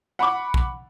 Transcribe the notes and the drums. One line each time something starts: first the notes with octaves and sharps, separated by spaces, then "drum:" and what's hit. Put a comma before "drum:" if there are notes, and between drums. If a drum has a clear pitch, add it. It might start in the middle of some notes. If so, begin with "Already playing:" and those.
F#5 B5 C#6 D6
drum: kick